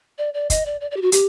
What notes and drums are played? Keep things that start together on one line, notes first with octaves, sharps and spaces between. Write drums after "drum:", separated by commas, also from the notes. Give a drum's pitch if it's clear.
D5
D5
D#5, drum: kick, hi-hat
D5
D5
D5
G4
F#4
G4, drum: hi-hat